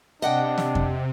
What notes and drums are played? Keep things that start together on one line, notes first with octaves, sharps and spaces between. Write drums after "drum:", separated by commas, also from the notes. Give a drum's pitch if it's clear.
C3 D4 D#5 F#5 G5
drum: snare
drum: kick F2